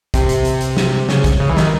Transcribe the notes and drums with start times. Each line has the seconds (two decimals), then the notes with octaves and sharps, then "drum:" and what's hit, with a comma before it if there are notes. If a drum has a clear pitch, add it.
0.14 C3, drum: kick, hi-hat
0.29 drum: hi-hat
0.45 drum: hi-hat
0.61 drum: hi-hat
0.77 drum: snare
1.09 C#3, drum: snare
1.24 drum: kick, hi-hat
1.40 C#3
1.49 E3
1.57 D#3, drum: snare